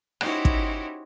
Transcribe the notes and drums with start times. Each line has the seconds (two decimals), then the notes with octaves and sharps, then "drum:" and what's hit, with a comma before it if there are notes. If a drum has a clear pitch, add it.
0.21 C#4 D#4 E4 F#4 G4 C5, drum: rim click
0.45 drum: kick